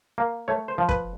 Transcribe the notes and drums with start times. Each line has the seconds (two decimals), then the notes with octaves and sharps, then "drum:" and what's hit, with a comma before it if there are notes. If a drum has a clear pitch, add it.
0.18 A#3
0.48 A3 C#5
0.68 C5
0.78 F3
0.89 B4, drum: kick